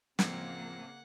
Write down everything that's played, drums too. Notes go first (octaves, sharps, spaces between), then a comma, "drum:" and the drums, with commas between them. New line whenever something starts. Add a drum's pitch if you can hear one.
A1 C#3 F3 A#3 C4 F#5 G#6, drum: snare